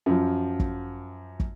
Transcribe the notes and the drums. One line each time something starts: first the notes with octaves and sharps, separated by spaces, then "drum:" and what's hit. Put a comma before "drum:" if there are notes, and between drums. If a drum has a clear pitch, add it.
F#2 F3
drum: kick
drum: kick